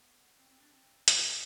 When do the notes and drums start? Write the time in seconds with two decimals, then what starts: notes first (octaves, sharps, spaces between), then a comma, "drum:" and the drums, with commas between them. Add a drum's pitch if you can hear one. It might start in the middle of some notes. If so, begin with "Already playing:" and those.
Already playing: B3
0.39 C4
0.50 C4
0.60 D4
0.72 C4
1.08 drum: hi-hat
1.21 B3